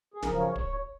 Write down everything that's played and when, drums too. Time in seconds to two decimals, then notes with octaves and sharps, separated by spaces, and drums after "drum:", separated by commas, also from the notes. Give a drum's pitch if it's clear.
0.14 G#4
0.23 F#2 C#3 F3 A#4, drum: snare
0.39 C#5
0.56 C#5, drum: kick